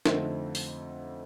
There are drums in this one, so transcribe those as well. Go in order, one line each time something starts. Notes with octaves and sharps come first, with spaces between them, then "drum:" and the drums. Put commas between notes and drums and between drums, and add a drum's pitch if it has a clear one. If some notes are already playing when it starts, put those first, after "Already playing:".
F2 D3 A3 C4 D#4, drum: snare
drum: open hi-hat